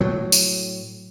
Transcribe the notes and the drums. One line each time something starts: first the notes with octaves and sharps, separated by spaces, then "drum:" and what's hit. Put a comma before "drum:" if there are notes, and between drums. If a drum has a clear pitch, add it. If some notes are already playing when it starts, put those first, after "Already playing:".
A2 F#3
drum: tambourine